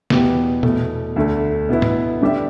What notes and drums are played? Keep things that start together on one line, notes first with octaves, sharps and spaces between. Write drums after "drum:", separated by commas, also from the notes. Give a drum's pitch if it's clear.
E2 B2 B3 G4, drum: snare
E2 B2 A3, drum: tom A#2
D2 D3 A3
B2 B3 E4
drum: tom G#2
D3 G3 D4 G4 E5